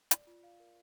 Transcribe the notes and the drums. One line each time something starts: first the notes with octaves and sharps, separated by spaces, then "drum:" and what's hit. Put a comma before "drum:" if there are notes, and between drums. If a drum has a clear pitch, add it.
D5, drum: hi-hat
F4
F5
A#4